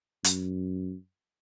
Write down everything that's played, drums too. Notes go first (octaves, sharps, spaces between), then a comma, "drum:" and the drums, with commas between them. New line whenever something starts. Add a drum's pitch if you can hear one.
F#2, drum: hi-hat